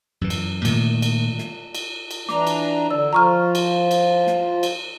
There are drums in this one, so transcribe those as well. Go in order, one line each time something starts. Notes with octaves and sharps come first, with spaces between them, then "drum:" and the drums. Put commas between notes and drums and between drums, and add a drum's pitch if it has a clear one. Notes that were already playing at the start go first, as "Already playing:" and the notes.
F#2 E3
drum: cymbal
A#2 D#3 A3, drum: cymbal
drum: cymbal
drum: snare
drum: cymbal
drum: cymbal
E3 D4 A#5 D6, drum: snare
drum: cymbal
D3 D5 E6
F3 F4 A#5 C#6 F6
drum: cymbal
drum: cymbal
drum: snare
drum: cymbal